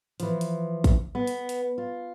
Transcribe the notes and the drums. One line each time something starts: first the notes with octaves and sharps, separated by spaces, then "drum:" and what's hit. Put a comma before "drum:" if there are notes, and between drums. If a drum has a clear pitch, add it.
E3 F3, drum: hi-hat
drum: hi-hat
drum: kick A1, hi-hat
B3
drum: hi-hat
drum: hi-hat
F4